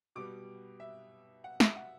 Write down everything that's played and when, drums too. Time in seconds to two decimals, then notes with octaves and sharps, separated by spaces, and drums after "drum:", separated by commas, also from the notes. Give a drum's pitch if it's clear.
0.15 B2 G3 B3 D6
0.80 E5
1.44 F#5
1.60 E5, drum: snare
1.76 F#5